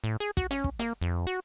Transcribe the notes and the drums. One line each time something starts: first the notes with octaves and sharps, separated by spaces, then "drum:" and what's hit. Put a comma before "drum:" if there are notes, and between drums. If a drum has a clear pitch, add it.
A2
G#4
F#4, drum: kick
C#4, drum: hi-hat
drum: kick
A#3, drum: hi-hat
F2
F#4